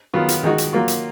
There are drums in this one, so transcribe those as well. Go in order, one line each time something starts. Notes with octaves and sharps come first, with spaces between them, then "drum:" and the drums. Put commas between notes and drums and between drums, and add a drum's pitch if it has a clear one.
D#3 F#3 B3 F4
drum: hi-hat
D#3 G#3 D#4 F#4
drum: hi-hat
F#3 A#3 F4
drum: hi-hat